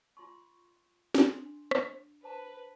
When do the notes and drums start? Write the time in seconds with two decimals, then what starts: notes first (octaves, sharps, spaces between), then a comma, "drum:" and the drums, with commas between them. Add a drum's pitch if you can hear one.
0.17 F4 C6 C#6
1.15 D4 C6, drum: snare
1.71 drum: rim click
2.23 B4 C5 A5 A#5